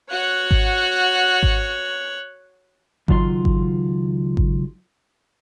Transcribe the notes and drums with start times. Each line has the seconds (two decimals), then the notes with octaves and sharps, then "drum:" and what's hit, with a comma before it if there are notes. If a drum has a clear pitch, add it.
0.11 F#4 C#5 F#5 F#6
0.51 drum: kick G#1
1.43 drum: kick G#1
3.08 C#2 D#3 F#3 F4 D5 C6, drum: kick G#1
3.45 drum: kick G#1
4.37 drum: kick G#1